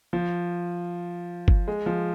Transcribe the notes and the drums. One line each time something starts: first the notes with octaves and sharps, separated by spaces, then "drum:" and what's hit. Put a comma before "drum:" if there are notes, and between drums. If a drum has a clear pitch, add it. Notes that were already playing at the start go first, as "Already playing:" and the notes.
F3
drum: kick G1
G#3
F3